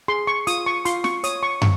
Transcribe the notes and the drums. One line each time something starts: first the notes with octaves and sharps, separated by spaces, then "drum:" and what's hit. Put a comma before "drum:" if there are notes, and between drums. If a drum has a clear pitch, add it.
G#4 C6
C#6
F4 D#6, drum: hi-hat
C#6
F4 C6, drum: hi-hat
C#6, drum: snare
C#5 D#6, drum: hi-hat
C#6
C#6, drum: tom